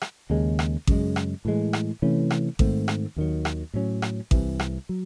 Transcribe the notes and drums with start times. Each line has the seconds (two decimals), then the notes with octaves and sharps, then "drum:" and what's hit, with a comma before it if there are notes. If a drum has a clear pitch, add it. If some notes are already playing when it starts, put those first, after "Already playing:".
0.02 drum: rim click
0.30 D#2 C#3 G#3
0.59 drum: rim click
0.87 F#2 C#3 G#3, drum: kick A1
1.16 drum: rim click
1.45 A2 E3 G#3
1.73 drum: rim click
2.02 C3 E3 A3 C#4
2.31 drum: rim click
2.59 G#2 D#3 A3 C4, drum: kick A1
2.88 drum: rim click
3.16 D#2 D#3 F#3
3.45 drum: rim click
3.74 A2 F#3 C#4
4.02 drum: rim click
4.31 C2 C3 E3, drum: kick A1
4.60 drum: rim click
4.89 F#3